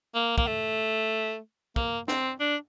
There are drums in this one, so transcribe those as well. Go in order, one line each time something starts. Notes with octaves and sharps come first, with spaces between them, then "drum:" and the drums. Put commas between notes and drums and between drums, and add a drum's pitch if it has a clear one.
A#3
A#3, drum: kick
A3
A#3, drum: kick
C4, drum: snare
D4